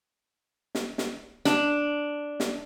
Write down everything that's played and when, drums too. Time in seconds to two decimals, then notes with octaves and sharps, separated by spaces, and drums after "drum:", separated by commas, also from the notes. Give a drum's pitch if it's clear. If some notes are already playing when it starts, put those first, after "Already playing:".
0.75 drum: snare
0.98 drum: snare
1.45 D4, drum: snare
2.40 drum: snare